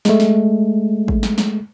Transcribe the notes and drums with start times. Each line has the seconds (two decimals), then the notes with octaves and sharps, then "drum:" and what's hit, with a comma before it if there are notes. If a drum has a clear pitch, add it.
0.05 G#3 A3, drum: snare
0.20 drum: snare
1.08 drum: kick G#1
1.23 drum: snare
1.38 drum: snare